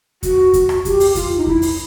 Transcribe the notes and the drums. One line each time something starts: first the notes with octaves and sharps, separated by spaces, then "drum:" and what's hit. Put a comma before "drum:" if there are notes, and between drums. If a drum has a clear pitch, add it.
F#4, drum: kick E2, hi-hat
drum: kick E2, hi-hat
drum: rim click
G4, drum: kick E2, hi-hat
drum: open hi-hat
F4, drum: kick E2, hi-hat
D#4
E4, drum: kick E2
drum: open hi-hat